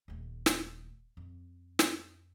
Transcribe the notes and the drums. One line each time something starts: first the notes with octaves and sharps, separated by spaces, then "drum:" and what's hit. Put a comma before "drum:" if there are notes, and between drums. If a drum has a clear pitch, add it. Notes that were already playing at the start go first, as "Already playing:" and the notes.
D#1 A3
drum: snare
F2
drum: snare